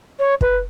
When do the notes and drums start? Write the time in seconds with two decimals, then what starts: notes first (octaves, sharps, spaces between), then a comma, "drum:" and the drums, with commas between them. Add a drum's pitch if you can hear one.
0.19 C#5
0.41 B4, drum: kick